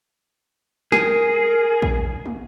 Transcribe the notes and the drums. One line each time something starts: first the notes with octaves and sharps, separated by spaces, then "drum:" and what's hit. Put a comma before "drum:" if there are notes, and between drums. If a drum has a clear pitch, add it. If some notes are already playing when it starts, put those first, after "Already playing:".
G#4 A#4, drum: snare
drum: kick A#1
drum: tom